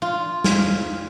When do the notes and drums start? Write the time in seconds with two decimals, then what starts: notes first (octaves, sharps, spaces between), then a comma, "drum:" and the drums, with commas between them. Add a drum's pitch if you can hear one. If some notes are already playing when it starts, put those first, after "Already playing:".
0.02 F4
0.44 drum: snare